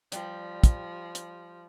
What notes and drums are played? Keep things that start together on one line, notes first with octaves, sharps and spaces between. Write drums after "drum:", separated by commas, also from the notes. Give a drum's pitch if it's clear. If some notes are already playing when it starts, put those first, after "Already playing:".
F3 G3, drum: hi-hat
drum: kick, hi-hat
drum: hi-hat